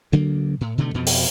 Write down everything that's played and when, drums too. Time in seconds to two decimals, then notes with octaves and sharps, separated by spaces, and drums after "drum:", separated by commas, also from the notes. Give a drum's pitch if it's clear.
0.12 D2 C#3 F#3 A#3
0.61 A2
0.78 B2 D3 D#3 A3
0.94 F2 B2 F3
1.06 drum: open hi-hat